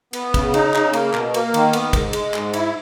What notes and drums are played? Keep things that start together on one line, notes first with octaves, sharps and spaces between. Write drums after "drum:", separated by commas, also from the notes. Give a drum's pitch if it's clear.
B3, drum: cymbal
C#3, drum: kick, cymbal
D#4, drum: cymbal
C#3, drum: clap
A#3, drum: cymbal
B2, drum: clap
A#3, drum: cymbal
D#3, drum: cymbal
B3, drum: cymbal
G#2, drum: kick, cymbal
G#3, drum: cymbal
G#2, drum: clap
E4, drum: cymbal